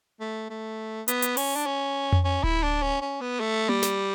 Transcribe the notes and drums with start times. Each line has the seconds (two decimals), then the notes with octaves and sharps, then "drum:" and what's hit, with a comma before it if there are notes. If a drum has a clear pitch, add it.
0.20 A3
0.50 A3
1.08 B3, drum: hi-hat
1.22 drum: hi-hat
1.37 C#4, drum: open hi-hat
1.56 D4
1.66 C#4
2.13 drum: tom F2
2.24 C#4
2.43 E4, drum: kick D1
2.63 D4
2.82 C#4
3.01 C#4
3.21 B3
3.40 A3
3.69 G3, drum: tom A#3
3.83 drum: snare